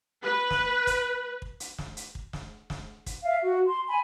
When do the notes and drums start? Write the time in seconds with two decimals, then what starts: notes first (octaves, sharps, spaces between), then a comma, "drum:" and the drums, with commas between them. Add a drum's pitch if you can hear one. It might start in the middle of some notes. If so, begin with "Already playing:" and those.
0.23 B4
0.50 drum: snare
0.87 drum: kick, hi-hat
1.42 drum: kick
1.60 drum: hi-hat
1.78 drum: snare
1.97 drum: hi-hat
2.15 drum: kick
2.33 drum: snare
2.70 drum: snare
3.06 drum: kick, hi-hat
3.25 E5 F5
3.42 F#4
3.66 C6
3.87 G#5 B5